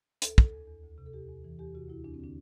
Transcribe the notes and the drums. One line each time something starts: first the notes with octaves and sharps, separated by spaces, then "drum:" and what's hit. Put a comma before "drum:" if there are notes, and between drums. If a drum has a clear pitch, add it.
D2 A4, drum: hi-hat
D2, drum: kick
A4
E2
E2
D2
C3
A4
E2 G4
E2
E3
E2 G4
C3 F#4
D2 E4
E2 D4
C4
D3 D4